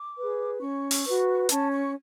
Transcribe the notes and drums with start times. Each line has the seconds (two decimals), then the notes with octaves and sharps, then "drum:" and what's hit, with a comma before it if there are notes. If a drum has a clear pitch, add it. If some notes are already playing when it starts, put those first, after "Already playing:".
Already playing: D6
0.18 G#4 B4
0.61 C#4 C#6
0.91 drum: open hi-hat
1.06 F#4 B4
1.49 C#4 A5, drum: hi-hat
1.71 C#6